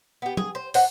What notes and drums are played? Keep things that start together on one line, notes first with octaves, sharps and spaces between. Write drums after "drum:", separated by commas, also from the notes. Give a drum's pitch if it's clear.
B3 G4
G#4, drum: tom
C5
C5 D#5 F#5, drum: open hi-hat